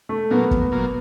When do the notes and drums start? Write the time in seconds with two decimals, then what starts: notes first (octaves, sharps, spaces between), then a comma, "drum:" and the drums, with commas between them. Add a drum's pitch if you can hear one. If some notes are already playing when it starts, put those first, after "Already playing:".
0.09 A3
0.30 A#2 F#3 A#3 B3
0.51 drum: kick
0.72 A#2 F#3 A#3